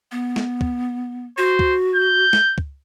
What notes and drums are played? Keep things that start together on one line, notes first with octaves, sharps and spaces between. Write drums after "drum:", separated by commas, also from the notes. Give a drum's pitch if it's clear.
B3
drum: snare
drum: kick
F#4 C5
drum: kick
G6
drum: snare
drum: kick